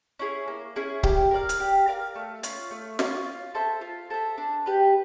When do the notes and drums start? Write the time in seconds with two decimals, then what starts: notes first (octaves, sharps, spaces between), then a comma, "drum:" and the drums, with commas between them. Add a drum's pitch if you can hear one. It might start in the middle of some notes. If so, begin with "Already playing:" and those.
0.19 C#4 E4 G#4
0.48 A#3
0.76 C#4 E4 G#4
1.03 G4, drum: kick C#1
1.31 A#4 D5 F5
1.49 drum: hi-hat
1.60 G4
1.88 A#4 D5 F5
2.15 A3
2.43 C#4 F4, drum: hi-hat
2.71 A3
2.99 C#4 F4, drum: snare
3.26 F4
3.55 A4 C5 E5
3.81 F4
4.10 A4 C5 E5
4.38 D4
4.66 G4 B4